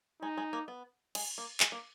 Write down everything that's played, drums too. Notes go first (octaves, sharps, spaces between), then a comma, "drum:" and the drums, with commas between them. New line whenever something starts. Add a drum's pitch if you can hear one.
G#3 D#4
G#3
A#3
B3
G#3, drum: cymbal
A#3
G#3, drum: clap
A#3